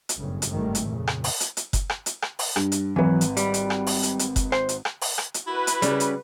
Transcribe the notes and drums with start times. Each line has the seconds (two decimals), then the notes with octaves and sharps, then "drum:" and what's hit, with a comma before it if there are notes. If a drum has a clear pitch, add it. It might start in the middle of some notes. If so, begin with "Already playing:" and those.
0.09 drum: hi-hat
0.18 G1 F#2 A2 C#3
0.42 drum: hi-hat
0.52 G#1 D#3 G3 A3 A#3
0.75 drum: hi-hat
0.87 F2 A#2 C#3
1.07 drum: rim click
1.24 drum: open hi-hat
1.40 drum: hi-hat
1.57 drum: hi-hat
1.73 drum: kick F#1, hi-hat
1.90 drum: rim click
2.06 drum: hi-hat
2.22 drum: rim click
2.39 drum: open hi-hat
2.56 G2, drum: rim click
2.72 drum: hi-hat
2.96 G#1 E3 F#3 B4
3.21 drum: hi-hat
3.37 G3 B5, drum: hi-hat
3.54 drum: hi-hat
3.70 drum: rim click
3.87 drum: open hi-hat
4.03 drum: hi-hat
4.19 drum: hi-hat
4.36 drum: kick F#1, hi-hat
4.52 C5, drum: rim click
4.69 drum: hi-hat
4.85 drum: rim click
5.01 drum: open hi-hat
5.18 drum: rim click
5.34 drum: hi-hat
5.47 E4 F#4 B4
5.67 drum: hi-hat
5.82 C#3 G3, drum: hi-hat
6.00 drum: hi-hat